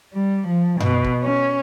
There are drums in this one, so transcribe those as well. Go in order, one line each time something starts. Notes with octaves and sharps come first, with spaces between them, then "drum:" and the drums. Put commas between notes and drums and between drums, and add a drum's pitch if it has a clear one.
G3
F3
B2, drum: tom F#2
drum: kick
C#4